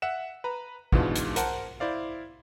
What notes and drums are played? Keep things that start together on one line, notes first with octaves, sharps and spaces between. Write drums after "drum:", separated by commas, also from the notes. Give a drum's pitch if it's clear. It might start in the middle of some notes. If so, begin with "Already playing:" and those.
E5 F#5 E7
B4 A#5
G#2 B2 E3 G#3 D4 F4, drum: kick
drum: hi-hat
A#4 C5 F#5 A5, drum: hi-hat
E4 C5 D5 F5